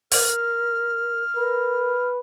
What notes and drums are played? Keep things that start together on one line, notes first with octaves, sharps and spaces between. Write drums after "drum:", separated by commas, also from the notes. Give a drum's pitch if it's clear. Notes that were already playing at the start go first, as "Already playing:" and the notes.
A#4 F6, drum: open hi-hat
A#4 B4